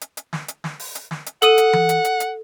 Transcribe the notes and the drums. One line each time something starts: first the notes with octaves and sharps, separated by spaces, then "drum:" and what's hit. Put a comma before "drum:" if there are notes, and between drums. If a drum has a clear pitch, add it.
drum: hi-hat
drum: hi-hat
drum: snare
drum: hi-hat
drum: snare
drum: open hi-hat
drum: hi-hat
drum: snare
drum: hi-hat
A4 F#5 D#6 D#7, drum: hi-hat
drum: hi-hat
drum: tom E3
drum: hi-hat
drum: hi-hat
drum: hi-hat